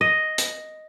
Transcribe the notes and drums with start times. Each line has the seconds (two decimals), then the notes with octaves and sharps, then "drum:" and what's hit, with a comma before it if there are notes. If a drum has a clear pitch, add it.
0.01 D#5
0.38 drum: hi-hat